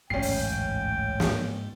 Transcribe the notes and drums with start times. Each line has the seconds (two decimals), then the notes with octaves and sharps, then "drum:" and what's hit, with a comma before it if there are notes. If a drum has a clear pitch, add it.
0.10 D1 A1 E2 G#2 G#3 C#4 G5 C7
0.22 drum: open hi-hat
1.20 drum: snare